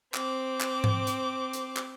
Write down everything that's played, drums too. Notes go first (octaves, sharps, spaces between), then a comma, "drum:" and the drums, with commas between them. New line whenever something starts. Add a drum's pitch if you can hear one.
C4 D6, drum: clap
drum: clap
drum: tom G#2
drum: hi-hat
drum: hi-hat
drum: clap